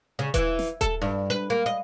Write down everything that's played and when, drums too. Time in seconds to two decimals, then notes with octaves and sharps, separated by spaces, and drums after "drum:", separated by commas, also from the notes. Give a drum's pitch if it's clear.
0.19 C#3
0.34 E3, drum: kick D#1, hi-hat
0.59 drum: snare
0.81 A4, drum: kick D#1, hi-hat
1.02 G2
1.30 B4
1.50 A#3
1.66 D#5